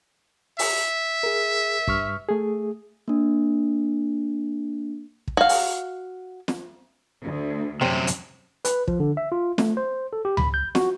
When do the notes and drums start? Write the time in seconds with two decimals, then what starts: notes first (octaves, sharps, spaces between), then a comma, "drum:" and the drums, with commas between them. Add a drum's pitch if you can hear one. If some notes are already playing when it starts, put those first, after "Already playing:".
0.59 E5, drum: open hi-hat
1.23 G#4 A#4
1.88 G2 C#6 F6, drum: kick
2.29 A3 G#4
3.08 A#3 D4
5.28 drum: kick
5.37 F#4 F5
5.49 drum: open hi-hat
6.48 drum: snare
7.22 D2
7.81 F#2 C3 G3 C4 C#4
8.07 drum: hi-hat
8.65 B4, drum: hi-hat
8.88 F3, drum: kick
9.00 D3
9.17 E5
9.32 F4
9.58 A3, drum: snare
9.77 C5
10.13 A4
10.25 G4
10.37 B5, drum: tom C#2
10.54 G6
10.75 F#4, drum: snare